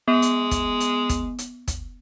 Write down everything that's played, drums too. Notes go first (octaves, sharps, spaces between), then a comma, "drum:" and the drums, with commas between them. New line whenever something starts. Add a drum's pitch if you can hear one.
G#3 B3
drum: hi-hat
drum: kick, hi-hat
drum: hi-hat
drum: kick, hi-hat
drum: hi-hat
drum: kick, hi-hat